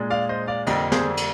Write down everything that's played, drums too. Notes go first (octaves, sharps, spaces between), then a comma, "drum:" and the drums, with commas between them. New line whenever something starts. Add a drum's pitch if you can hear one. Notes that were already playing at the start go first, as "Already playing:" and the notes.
Already playing: A#2 G#3 D4
D5 F5
C5 D#5
D5 F5
F2 D3 G3 A#3 D4 D#5 G5, drum: cymbal
G#4 C5, drum: snare
drum: cymbal